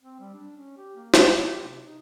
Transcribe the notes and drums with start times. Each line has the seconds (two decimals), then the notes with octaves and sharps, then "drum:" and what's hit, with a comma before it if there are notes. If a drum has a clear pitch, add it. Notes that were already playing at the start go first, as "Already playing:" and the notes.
0.02 C4
0.20 G3
0.33 D4
0.56 C#4
0.77 G4
0.96 A#3
1.14 A#2, drum: snare
1.25 F#3
1.44 G4
1.62 C3
1.85 D#4